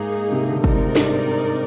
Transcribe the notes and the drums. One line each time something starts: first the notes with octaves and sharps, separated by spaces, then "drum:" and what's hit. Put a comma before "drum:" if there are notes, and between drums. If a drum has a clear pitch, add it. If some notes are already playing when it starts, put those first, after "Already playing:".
Already playing: G#2 A#3 D#4 G#4
C3
D3
C3 C4 D#4 A#4 D5, drum: kick
G#2
G#2
G2, drum: snare